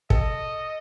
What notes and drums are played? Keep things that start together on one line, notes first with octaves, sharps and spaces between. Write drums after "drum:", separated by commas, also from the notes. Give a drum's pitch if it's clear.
A4 D#5, drum: kick